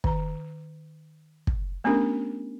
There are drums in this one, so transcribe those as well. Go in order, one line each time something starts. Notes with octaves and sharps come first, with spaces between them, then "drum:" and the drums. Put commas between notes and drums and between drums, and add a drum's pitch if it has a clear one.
D#3 A#5, drum: kick
drum: kick
A3 B3 C#4 D4 G4 A#4